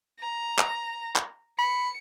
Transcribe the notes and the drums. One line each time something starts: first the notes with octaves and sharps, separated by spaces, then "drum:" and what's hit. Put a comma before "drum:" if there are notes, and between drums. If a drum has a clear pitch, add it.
A#5
drum: clap
drum: clap
B5 C#7